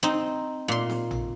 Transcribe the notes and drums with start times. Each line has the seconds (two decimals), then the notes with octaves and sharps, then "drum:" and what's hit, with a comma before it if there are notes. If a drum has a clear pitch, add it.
0.03 C4 D#4
0.68 A#2 C6
0.90 drum: snare C4
1.11 drum: tom A1